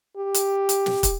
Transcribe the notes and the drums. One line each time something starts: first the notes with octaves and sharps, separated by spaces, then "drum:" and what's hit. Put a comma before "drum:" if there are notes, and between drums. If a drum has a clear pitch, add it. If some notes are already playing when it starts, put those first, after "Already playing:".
G4
drum: hi-hat
drum: hi-hat
drum: snare
drum: kick, hi-hat